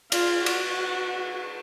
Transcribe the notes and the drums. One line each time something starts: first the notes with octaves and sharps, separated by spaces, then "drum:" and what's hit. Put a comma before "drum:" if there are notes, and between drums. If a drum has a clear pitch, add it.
F4, drum: cymbal
F#4, drum: cymbal